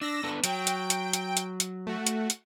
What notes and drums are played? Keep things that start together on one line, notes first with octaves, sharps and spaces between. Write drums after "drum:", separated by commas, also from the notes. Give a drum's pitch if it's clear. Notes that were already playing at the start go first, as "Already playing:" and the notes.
D4 E6 A#6
B3 D4 A4
F#3 G5 D7, drum: hi-hat
drum: hi-hat
drum: hi-hat
drum: hi-hat
drum: hi-hat
drum: hi-hat
A3 F#4
drum: hi-hat
drum: hi-hat